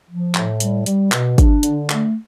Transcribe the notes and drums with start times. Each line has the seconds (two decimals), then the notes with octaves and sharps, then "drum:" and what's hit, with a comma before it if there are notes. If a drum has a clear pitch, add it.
0.09 F3
0.35 A2, drum: clap
0.60 G3, drum: hi-hat
0.86 G3, drum: hi-hat
1.12 B2, drum: clap
1.38 D4, drum: kick, hi-hat
1.63 D3, drum: hi-hat
1.90 A3, drum: clap